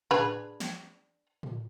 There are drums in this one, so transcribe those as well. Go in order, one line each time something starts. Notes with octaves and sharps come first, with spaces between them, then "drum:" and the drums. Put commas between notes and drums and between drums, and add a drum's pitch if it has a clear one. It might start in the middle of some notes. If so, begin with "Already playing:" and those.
D4 G#4 B4, drum: tom A2
drum: snare
drum: tom A2